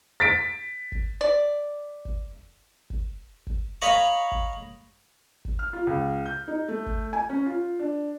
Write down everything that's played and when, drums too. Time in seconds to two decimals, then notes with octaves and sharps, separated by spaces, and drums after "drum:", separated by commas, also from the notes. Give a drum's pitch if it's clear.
0.20 A6 B6 D7
0.92 drum: kick
1.21 D5
2.05 drum: kick
2.90 drum: kick
3.47 drum: kick
3.82 C#5 D#5 F5 A#5 B5 C#6
4.32 drum: kick
5.45 drum: kick
5.59 F6
5.73 F4
5.87 C#2
6.26 G6
6.48 D#4
6.68 A3
6.86 drum: kick
7.13 G#5
7.30 C#4
7.46 F4
7.79 D4